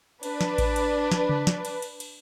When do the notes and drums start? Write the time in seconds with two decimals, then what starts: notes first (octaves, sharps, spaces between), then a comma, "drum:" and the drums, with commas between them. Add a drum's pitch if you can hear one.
0.23 D4 B4, drum: cymbal
0.41 drum: snare
0.58 drum: kick A1, cymbal
0.76 drum: cymbal
1.12 drum: snare
1.29 drum: tom C#3
1.47 drum: snare
1.65 drum: cymbal
1.82 drum: cymbal
2.00 drum: cymbal